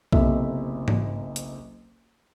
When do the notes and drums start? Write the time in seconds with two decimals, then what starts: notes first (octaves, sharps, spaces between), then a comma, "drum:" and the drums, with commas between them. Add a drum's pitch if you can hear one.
0.13 F#1 B1 C3 A4 E5, drum: kick B1
0.88 drum: tom G#2
1.36 drum: hi-hat